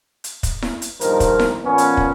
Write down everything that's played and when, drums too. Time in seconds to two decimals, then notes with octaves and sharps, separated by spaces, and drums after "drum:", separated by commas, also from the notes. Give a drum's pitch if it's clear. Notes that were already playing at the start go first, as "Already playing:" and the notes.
0.24 drum: hi-hat
0.43 drum: kick, hi-hat
0.62 drum: snare E4
0.82 drum: hi-hat
1.01 A#1 G2 D#3 F3 A#3 A#4, drum: hi-hat
1.20 drum: kick, hi-hat
1.39 drum: snare E4
1.65 A#2 F3 B3 C#4
1.78 drum: hi-hat
1.97 drum: kick